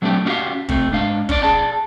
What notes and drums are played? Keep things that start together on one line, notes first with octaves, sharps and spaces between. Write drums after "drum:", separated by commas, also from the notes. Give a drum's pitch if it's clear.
F#3 A3 C4 D4 G4
C#4 D4 E4 F#4 G4 F5
C3 A3 C4, drum: kick
G#2 D4 F5
C#4 D4 E4 D5, drum: kick
G#4 D5 A5